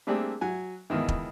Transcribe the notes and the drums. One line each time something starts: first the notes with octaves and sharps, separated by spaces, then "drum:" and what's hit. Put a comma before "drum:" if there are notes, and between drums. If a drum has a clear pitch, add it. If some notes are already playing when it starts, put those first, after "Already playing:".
G3 A3 A#3 C4 D4 G#4
F#3 G#5
C#2 B2 D#3 E3
drum: kick